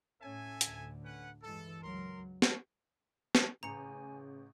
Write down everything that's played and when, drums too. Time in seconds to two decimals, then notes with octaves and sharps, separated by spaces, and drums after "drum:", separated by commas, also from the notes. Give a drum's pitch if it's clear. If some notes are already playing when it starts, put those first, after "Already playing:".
0.21 A2 C#4 A4 E5 G#5
0.61 D2 A2 D3, drum: hi-hat
1.04 C#4 B4 F#5
1.43 G2 E3 G#3 A4
1.82 C#2 F#3 A#4 C6
2.42 drum: snare
3.35 drum: snare
3.63 A1 C#3 G#5 A#5 C#7